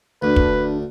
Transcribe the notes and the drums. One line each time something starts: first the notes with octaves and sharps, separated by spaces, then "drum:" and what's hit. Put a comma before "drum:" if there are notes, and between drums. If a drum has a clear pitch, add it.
D2 D4 B4
drum: kick